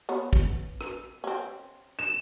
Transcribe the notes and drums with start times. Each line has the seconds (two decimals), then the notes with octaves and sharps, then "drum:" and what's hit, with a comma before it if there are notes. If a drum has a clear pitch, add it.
0.09 B3 C#5
0.33 drum: kick
0.81 drum: rim click
1.24 C4 C#4
1.99 E7